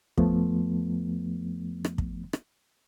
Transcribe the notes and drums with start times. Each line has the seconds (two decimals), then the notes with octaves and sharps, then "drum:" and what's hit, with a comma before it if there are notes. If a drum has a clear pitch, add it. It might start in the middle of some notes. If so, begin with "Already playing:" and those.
0.17 F2 F3 A3 B3, drum: kick
1.85 drum: rim click
1.98 drum: kick
2.33 drum: rim click